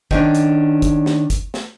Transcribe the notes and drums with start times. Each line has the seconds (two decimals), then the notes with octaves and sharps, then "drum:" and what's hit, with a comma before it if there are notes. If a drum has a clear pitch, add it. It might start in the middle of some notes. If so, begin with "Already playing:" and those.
0.11 D#3 C#4 D4, drum: kick
0.35 drum: hi-hat
0.82 drum: kick, hi-hat
1.06 drum: snare
1.30 drum: kick, hi-hat
1.54 drum: snare